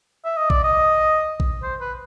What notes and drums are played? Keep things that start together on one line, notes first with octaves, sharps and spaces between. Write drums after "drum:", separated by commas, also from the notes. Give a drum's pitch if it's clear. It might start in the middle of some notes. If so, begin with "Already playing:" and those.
E5
D#5
D5, drum: kick A#1
D#5
drum: kick A#1
C5
B4